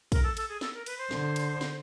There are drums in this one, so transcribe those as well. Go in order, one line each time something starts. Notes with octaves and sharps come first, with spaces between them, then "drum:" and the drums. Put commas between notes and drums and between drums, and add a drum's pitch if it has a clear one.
A#4, drum: kick, cymbal
A4
A4, drum: cymbal
G#4
A4, drum: snare
A#4
B4, drum: cymbal
C5
D3, drum: snare
drum: cymbal
drum: snare